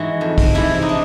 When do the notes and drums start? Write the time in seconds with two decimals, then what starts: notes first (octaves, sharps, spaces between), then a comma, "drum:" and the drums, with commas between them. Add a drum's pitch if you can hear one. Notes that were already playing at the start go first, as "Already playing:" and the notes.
Already playing: G#2 E3 G#3 F#4
0.21 F2
0.38 drum: kick, open hi-hat
0.55 C3 E3 E4
0.75 E4
0.82 D#4
0.89 D4